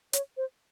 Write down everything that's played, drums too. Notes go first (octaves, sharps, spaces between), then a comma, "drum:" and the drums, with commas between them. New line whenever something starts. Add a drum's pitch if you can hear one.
C#5, drum: hi-hat
C5